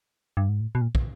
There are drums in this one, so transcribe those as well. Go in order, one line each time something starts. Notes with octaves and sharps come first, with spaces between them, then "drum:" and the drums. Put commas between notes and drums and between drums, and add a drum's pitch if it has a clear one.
G2
G#2
A2
B2
A#2
drum: kick